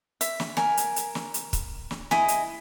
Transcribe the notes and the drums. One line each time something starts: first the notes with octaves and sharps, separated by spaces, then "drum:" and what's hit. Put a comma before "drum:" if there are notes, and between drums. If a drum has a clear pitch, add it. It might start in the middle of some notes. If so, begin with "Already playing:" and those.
E5, drum: hi-hat
drum: snare
A#4 G#5, drum: snare
drum: hi-hat
drum: hi-hat
drum: snare
drum: hi-hat
drum: kick, hi-hat
drum: snare
E4 G#4 D#5 G#5, drum: snare
drum: hi-hat